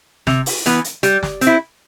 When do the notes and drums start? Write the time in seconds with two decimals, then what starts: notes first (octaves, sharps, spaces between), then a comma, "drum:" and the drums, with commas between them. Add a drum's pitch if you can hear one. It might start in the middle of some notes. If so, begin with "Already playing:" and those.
0.27 C3, drum: snare
0.46 drum: open hi-hat
0.66 E3 B3, drum: hi-hat
0.84 drum: hi-hat
1.03 G3, drum: hi-hat
1.23 drum: snare
1.41 C4, drum: hi-hat
1.47 E4